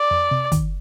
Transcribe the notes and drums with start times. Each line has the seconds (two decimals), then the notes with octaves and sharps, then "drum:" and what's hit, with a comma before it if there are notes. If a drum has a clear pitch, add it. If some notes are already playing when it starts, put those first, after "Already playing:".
Already playing: D5
0.11 F2
0.31 C3
0.52 D#3, drum: kick, hi-hat